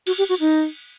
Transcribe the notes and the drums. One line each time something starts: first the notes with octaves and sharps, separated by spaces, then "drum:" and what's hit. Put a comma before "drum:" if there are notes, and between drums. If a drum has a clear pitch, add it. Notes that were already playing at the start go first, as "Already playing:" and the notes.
F#4, drum: cymbal
G4
F#4
D#4